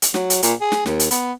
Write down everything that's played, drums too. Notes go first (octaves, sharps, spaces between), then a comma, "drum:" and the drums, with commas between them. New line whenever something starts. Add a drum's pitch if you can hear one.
drum: hi-hat
F#3, drum: snare
drum: hi-hat
A#2, drum: hi-hat
G#4
drum: snare
D#2, drum: snare
drum: hi-hat
B3, drum: hi-hat